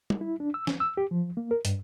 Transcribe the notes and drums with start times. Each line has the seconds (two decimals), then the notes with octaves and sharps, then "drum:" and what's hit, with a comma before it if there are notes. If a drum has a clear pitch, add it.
0.10 drum: tom
0.21 E4
0.40 D4
0.54 E6
0.67 C#4, drum: snare
0.80 E6
0.97 G4
1.11 F3
1.37 A#3
1.51 A#4
1.65 G2, drum: hi-hat